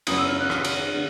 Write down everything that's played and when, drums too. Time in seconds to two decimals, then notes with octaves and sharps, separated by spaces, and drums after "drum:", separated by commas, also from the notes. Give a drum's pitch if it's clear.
0.07 F#2 C#3 F#3 B3 E4 D#6, drum: cymbal
0.18 E6
0.28 F6
0.40 F#6
0.50 F6, drum: rim click
0.65 drum: cymbal
0.94 D3